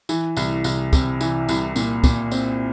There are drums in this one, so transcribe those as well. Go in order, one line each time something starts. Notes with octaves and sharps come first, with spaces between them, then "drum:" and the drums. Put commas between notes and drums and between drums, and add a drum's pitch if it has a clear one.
E3, drum: tambourine
C2, drum: tambourine
C2, drum: tambourine
C3, drum: kick, tambourine
E3, drum: tambourine
C2, drum: tambourine
A#2, drum: tambourine
A#2, drum: kick, tambourine
C4, drum: tambourine